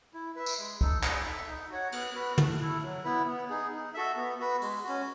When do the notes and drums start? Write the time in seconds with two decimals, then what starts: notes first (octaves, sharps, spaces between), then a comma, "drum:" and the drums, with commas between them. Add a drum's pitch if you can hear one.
0.14 E4
0.36 B4 E5
0.46 drum: tambourine
0.59 G#3
0.81 D#4 A4, drum: kick
1.03 D#4, drum: clap
1.26 A4 E5
1.48 D#4
1.70 F#4 C#5 F#5
1.92 B3, drum: cymbal
2.15 F#4 B4
2.38 A3, drum: tom
2.60 E4 A4
2.83 F#3
3.05 B3 E4 B4
3.27 B3
3.50 D#4 G#4
3.72 D#4
3.94 F#4 A4 E5
4.16 B3
4.39 F#4 B4
4.61 G#3, drum: open hi-hat
4.84 C#4 F#4